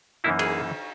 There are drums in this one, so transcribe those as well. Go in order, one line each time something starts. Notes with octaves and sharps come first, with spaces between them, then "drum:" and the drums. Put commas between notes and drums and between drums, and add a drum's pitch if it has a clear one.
F#2 E3 A#3 D#4 E4
G#4, drum: cymbal